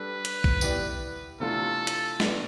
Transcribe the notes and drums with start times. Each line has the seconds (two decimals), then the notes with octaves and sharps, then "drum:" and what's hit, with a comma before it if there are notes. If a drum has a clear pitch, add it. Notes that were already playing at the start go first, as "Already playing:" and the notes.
Already playing: G3 D4 A4 B4
0.25 drum: hi-hat
0.44 drum: kick
0.61 B3 E4 G4 D5, drum: tambourine
1.40 C3 E3 A3 D4 F4 A4
1.87 drum: hi-hat
2.20 B2 A3 D4, drum: snare